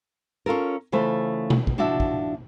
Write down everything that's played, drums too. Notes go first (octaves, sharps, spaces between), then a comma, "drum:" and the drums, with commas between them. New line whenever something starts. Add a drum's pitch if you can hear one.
C#4 F4 A4 A#4
C#3 E3 A3 F4 C5
drum: tom B2
drum: kick
F3 D4 E4 F#4 E5
drum: kick